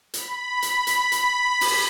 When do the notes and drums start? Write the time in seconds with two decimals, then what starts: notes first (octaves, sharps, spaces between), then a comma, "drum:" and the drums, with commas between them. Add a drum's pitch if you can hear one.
0.14 B5, drum: hi-hat
0.62 drum: hi-hat
0.87 B5, drum: hi-hat
1.12 drum: hi-hat
1.61 drum: open hi-hat